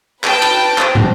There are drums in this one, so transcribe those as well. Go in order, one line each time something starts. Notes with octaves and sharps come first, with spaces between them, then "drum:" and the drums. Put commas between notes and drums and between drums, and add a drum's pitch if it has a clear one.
B4 G5 A5, drum: clap
drum: cymbal
C5, drum: clap
drum: tom